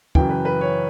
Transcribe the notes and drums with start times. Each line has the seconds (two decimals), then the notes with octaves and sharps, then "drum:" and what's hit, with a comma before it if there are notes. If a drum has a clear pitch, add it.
0.15 F#2 C#3 E3 G5, drum: kick
0.29 B4
0.45 B4
0.61 C#5